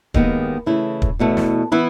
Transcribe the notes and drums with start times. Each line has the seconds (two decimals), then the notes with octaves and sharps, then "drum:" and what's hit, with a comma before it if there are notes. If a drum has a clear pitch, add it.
0.14 D#2 D#3 G#3 B3, drum: kick
0.66 C#3 E3 A3 E4
1.02 drum: kick
1.19 E2 B2 A3 E4
1.37 drum: snare
1.72 E3 B3 E4